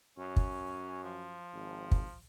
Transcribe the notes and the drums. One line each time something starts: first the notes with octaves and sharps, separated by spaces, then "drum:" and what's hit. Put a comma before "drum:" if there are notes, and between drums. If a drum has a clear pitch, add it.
F#2 C#4
drum: kick
F3
G#1
drum: kick